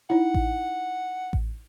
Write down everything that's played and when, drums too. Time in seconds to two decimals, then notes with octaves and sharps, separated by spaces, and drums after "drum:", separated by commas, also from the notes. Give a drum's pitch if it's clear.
0.10 D#4 E4 F#5
0.34 drum: kick A1
1.33 drum: kick A1